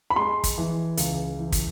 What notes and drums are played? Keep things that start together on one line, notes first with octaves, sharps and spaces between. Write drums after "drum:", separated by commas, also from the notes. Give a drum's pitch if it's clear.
B5
G#3 C6
drum: kick, hi-hat
E3
C#2, drum: hi-hat
E3
drum: kick, hi-hat